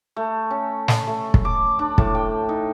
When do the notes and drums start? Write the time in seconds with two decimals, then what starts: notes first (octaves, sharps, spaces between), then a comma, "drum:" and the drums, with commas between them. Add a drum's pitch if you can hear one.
0.16 A3
0.50 C#4
0.88 drum: snare
1.07 A3
1.34 drum: kick
1.45 D6
1.79 D4
1.98 A2, drum: kick
2.15 G5
2.49 D#4